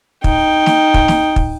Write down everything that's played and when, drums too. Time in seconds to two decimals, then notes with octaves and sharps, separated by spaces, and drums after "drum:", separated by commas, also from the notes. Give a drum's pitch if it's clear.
0.24 D#4 G5, drum: kick
0.66 drum: snare
0.94 drum: kick
1.08 drum: snare
1.36 drum: kick